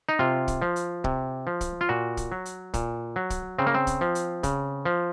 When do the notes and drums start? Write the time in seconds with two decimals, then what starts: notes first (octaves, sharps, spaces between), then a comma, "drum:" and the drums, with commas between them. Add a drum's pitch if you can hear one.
0.09 D#4
0.19 C3 F4
0.48 drum: kick, hi-hat
0.62 F3
0.76 drum: hi-hat
1.04 C3, drum: kick
1.47 F3
1.61 drum: kick, hi-hat
1.81 F4
1.89 A#2 F#4
2.17 drum: kick, hi-hat
2.32 F#3
2.45 drum: hi-hat
2.74 A#2, drum: kick, hi-hat
3.16 F#3
3.30 drum: kick, hi-hat
3.58 C#3 C4
3.67 A#3
3.74 C4
3.87 drum: kick, hi-hat
4.01 F3
4.15 drum: hi-hat
4.43 C#3, drum: kick, hi-hat
4.85 F3